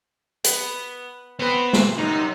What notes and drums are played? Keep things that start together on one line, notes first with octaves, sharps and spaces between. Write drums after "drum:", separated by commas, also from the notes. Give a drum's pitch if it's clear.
B3, drum: hi-hat
B3 C4 B4
drum: snare
F#2 C3 D#4